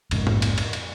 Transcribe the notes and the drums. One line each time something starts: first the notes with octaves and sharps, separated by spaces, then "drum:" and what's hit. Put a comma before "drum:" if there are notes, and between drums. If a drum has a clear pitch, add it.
A#1 F2 G#2 C#3, drum: cymbal
drum: tom
drum: cymbal
drum: cymbal
drum: cymbal